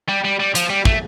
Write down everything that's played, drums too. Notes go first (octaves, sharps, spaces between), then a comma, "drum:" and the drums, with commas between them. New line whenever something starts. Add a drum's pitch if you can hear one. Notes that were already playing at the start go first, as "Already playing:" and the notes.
G3
G3
G3
F3, drum: hi-hat
G3
A3, drum: kick